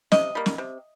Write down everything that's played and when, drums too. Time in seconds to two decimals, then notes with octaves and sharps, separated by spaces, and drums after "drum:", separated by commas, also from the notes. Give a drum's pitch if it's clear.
0.12 C3 D#5, drum: snare
0.35 G3 A#3
0.46 drum: snare
0.58 C3